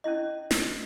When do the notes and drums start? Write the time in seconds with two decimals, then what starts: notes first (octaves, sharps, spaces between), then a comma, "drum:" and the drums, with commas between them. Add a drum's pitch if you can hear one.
0.04 C#4 D4 E4 D#5
0.51 drum: snare